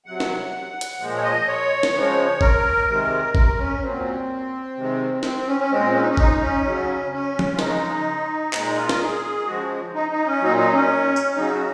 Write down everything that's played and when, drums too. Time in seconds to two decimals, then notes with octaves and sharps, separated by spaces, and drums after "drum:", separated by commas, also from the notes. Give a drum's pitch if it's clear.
0.05 C3 F#3 F#5
0.20 drum: snare
0.81 drum: hi-hat
1.00 A#2 F3 G#3
1.16 C#5
1.23 D#5
1.47 C#5
1.83 drum: snare
1.93 C#3 F3 G#3
2.41 A#4, drum: kick
2.88 C3 D#3 G#3
3.35 A#4, drum: kick
3.59 C#4
3.82 A#2 F#3 C4
4.77 C3 D#3 G#3
5.23 C4, drum: snare
5.47 C#4
5.60 C#4
5.71 A#2 G#3 C4
5.94 C#4
6.01 D#4
6.09 C#4
6.17 D#4, drum: kick
6.41 C#4
6.65 C#3 F#3
7.12 C#4
7.39 drum: tom F3
7.52 F4
7.59 C#3 G#3 D#4, drum: snare
8.53 A#2 G#3 D#4, drum: clap
8.76 F4
8.89 A#4, drum: snare
9.00 G#4
9.47 C#3 F3 G#3 F#4
9.94 D#4
10.11 D#4
10.26 C#4
10.41 A#2 F#3 D#4
10.57 D#4
10.72 C#4
11.16 drum: tambourine
11.36 C#3 F#3 D#4
11.51 F#4